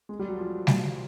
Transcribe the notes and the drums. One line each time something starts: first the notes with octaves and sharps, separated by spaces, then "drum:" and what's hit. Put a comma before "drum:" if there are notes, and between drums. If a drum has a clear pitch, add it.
G#3
G3
F#3
F3
drum: snare